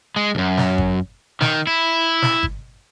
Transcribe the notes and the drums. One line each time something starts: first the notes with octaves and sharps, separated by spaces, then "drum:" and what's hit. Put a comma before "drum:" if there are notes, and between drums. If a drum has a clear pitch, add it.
G#3
C#2 F#2
drum: snare
drum: kick G1
D#3, drum: snare
E4
drum: snare
drum: kick G1